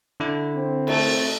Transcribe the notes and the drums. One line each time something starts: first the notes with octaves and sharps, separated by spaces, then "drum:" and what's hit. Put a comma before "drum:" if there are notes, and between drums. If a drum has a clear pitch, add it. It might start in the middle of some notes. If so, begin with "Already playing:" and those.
D3 E4
C4
A3, drum: cymbal